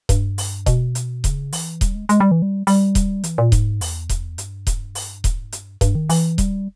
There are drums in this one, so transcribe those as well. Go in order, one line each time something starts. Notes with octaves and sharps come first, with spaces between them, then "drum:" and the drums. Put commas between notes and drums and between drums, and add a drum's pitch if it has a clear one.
G2, drum: kick D#1, hi-hat
drum: open hi-hat
B2, drum: kick D#1, hi-hat
drum: hi-hat
C#3, drum: kick D#1, hi-hat
E3, drum: open hi-hat
G3, drum: kick D#1, hi-hat
G#3
G#3, drum: hi-hat
G3
E3
G3
G3, drum: open hi-hat
drum: kick D#1, hi-hat
E3, drum: hi-hat
A#2
G#2, drum: kick D#1, hi-hat
E2, drum: open hi-hat
drum: kick D#1, hi-hat
G2, drum: hi-hat
drum: kick D#1, hi-hat
drum: open hi-hat
G#2, drum: kick D#1, hi-hat
G2, drum: hi-hat
G2, drum: kick D#1, hi-hat
D#3
E3, drum: open hi-hat
G3, drum: kick D#1, hi-hat